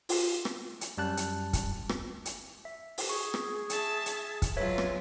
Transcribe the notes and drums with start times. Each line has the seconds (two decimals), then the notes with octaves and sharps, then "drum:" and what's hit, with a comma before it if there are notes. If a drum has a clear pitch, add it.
0.09 F4, drum: open hi-hat
0.45 drum: rim click
0.81 drum: hi-hat
0.98 F#2 G3 A5 F#6
1.17 drum: hi-hat
1.53 drum: kick, hi-hat
1.89 drum: rim click
2.25 drum: hi-hat
2.65 E5
2.98 drum: open hi-hat
3.09 G#4 C#6
3.34 drum: rim click
3.70 E5 A5, drum: hi-hat
4.06 drum: hi-hat
4.42 drum: kick, hi-hat
4.56 F#3 G#3 F4 B4 C#5 E5
4.78 drum: rim click